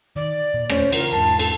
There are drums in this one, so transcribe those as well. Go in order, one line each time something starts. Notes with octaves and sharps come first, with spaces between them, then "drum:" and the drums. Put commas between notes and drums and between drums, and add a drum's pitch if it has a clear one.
D#3 D5
A#2
D1 F2 A3 C#4 C5, drum: rim click
C#3 E3 F4 A#4, drum: cymbal
E1 G#2 A5
A4, drum: cymbal